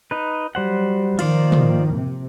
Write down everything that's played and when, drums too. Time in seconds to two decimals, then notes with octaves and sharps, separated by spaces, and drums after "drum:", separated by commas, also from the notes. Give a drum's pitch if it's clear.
0.11 D#4 B4
0.55 F#3 G3 C5 F#5
1.19 D#3 F3 A#3 F4 C5 D5, drum: cymbal
1.52 drum: tom
1.95 C3